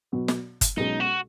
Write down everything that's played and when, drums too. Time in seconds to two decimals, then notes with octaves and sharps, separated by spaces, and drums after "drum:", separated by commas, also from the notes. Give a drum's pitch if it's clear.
0.12 B2 F#3 B3 F#4
0.28 drum: snare
0.61 drum: kick G1, hi-hat
0.77 B1 B2 G#3 C#4 D#4
1.00 F#4